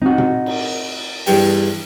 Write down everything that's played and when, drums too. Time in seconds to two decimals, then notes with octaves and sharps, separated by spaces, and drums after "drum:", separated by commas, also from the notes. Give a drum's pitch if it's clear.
0.02 C4 D#4 F#4
0.18 drum: tom A2
0.46 drum: cymbal
1.26 E2 G2 G5, drum: open hi-hat